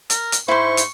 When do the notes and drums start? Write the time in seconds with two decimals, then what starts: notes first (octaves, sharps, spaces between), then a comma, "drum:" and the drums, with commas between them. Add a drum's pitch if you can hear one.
0.10 A#4, drum: hi-hat
0.32 drum: hi-hat
0.48 G#2 E4 C5 C6 C#6
0.77 drum: hi-hat